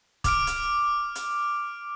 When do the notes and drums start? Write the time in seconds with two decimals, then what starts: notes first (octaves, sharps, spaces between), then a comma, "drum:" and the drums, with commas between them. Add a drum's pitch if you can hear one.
0.24 D6 F6 D7, drum: kick, hi-hat
0.47 drum: hi-hat
1.15 drum: hi-hat